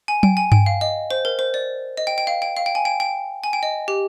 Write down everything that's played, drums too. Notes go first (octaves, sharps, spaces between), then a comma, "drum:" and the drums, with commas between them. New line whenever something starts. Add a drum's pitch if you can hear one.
G#5
G5, drum: tom F#3
G#5
G5, drum: tom G2
F5
D#5
C5
A#4
C5
D5
D#5
G5
G5
F5
G5
F5
G5
G#5
G5
G5
G#5
G5
D#5
G4